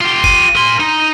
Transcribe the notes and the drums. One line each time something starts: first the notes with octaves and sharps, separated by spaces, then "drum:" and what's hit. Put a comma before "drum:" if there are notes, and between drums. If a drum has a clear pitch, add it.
F4 G4
D#7, drum: kick F#1
A#4 C6
D#4